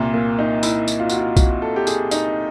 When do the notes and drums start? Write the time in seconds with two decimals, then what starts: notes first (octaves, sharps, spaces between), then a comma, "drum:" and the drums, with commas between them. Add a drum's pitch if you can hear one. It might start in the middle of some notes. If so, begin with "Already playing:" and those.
Already playing: C2 A#2
0.14 A#3
0.39 D#4
0.63 E4, drum: tambourine
0.88 drum: tambourine
1.00 F4
1.10 F#4, drum: tambourine
1.18 F4
1.37 F#4, drum: kick B1, tambourine
1.62 A4
1.76 G4
1.87 G#4, drum: tambourine
2.11 D#4, drum: tambourine